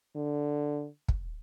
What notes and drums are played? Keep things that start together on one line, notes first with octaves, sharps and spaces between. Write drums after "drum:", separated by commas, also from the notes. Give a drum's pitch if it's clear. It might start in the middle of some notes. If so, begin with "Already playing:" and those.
D3
drum: kick